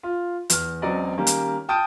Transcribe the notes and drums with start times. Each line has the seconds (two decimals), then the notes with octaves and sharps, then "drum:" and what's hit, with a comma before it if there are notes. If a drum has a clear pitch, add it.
0.03 F4
0.50 E2 F6, drum: hi-hat
0.82 E1 F#3 C4 C#4 D5 D#5
1.18 D#3 G3 A#3 C#4
1.27 drum: hi-hat
1.69 G5 A5 D#6 F6 G6 D7